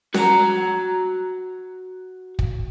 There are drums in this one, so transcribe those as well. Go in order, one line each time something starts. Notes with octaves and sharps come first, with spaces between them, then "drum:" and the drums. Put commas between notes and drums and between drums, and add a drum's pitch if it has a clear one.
F#4 A#5, drum: snare C#4
drum: kick